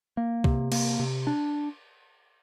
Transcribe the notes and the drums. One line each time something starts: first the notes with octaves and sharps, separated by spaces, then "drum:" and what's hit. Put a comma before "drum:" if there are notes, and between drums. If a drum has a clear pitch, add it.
A#3
C3, drum: kick C2
A#3, drum: cymbal
C3
D4